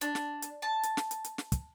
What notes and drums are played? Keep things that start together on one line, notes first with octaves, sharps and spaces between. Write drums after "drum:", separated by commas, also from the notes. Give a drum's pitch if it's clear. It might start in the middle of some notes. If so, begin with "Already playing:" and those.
D4, drum: hi-hat
drum: snare
drum: hi-hat
A5
drum: hi-hat
drum: snare
drum: hi-hat
drum: hi-hat
drum: snare
drum: kick, hi-hat